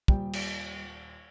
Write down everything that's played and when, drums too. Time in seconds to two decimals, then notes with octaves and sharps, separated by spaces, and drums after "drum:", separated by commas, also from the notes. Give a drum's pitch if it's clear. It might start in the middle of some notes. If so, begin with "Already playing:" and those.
0.08 D#1 G3 G5, drum: kick
0.33 drum: cymbal